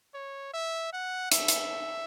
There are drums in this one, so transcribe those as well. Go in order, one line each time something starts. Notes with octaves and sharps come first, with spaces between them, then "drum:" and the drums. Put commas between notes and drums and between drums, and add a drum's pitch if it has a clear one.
C#5
E5
F#5
E5, drum: hi-hat
drum: hi-hat